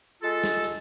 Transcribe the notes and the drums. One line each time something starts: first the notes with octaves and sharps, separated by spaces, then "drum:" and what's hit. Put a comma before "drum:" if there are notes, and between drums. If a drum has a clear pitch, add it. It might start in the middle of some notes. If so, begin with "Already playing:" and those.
G#3 F4 A4
drum: snare
drum: hi-hat